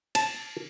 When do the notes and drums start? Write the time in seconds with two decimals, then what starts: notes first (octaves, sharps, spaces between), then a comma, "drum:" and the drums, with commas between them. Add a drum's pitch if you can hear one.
0.15 A5, drum: cymbal